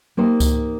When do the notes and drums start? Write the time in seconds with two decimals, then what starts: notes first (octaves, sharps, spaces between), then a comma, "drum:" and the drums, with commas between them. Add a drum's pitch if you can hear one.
0.17 A#3 D#4 G4 C5
0.40 drum: kick C#2, tambourine